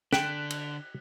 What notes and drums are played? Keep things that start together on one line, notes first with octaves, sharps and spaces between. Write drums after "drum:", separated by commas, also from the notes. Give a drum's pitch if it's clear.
D3 G5 F#6 B6 E7, drum: snare
drum: cymbal